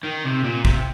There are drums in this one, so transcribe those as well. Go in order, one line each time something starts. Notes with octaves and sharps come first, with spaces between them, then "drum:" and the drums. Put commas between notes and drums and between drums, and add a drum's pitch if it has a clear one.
D#3
C3
A#2
C3, drum: kick